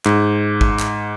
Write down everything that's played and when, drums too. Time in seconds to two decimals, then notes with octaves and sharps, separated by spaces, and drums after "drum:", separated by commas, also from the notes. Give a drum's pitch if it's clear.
0.05 G#2, drum: clap
0.61 drum: kick G#1
0.79 drum: clap